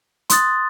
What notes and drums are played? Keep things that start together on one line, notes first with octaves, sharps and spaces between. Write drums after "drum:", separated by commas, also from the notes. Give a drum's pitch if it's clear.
C6 D#6 F#6 A6, drum: hi-hat